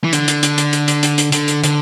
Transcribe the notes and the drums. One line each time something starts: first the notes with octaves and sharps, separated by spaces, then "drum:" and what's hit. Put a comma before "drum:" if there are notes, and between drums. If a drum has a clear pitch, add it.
E3
D3, drum: hi-hat
drum: hi-hat
drum: hi-hat
drum: hi-hat
drum: hi-hat
drum: hi-hat
drum: hi-hat
drum: hi-hat
D3, drum: hi-hat
drum: hi-hat
D3, drum: hi-hat